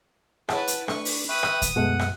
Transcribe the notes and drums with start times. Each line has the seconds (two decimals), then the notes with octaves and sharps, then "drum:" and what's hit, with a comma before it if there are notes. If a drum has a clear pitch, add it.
0.49 E4 G#4 B4 C#5 F#5 A5, drum: rim click
0.67 drum: hi-hat
0.88 A3 D4 B4 C#6, drum: rim click
1.05 drum: open hi-hat
1.29 B4 E5 G5 C#6 D#6
1.43 drum: rim click
1.62 drum: kick D2, hi-hat
1.76 F#2 B2 G#3 A3 F#5
1.99 drum: rim click